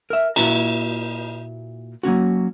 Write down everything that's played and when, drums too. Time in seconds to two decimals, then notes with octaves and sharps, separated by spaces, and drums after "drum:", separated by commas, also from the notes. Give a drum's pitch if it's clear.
0.10 A#4 E5
0.36 A#2 E4 F#4 B4 A5 A#5, drum: cymbal
2.03 F#3 A#3 C#4 F#4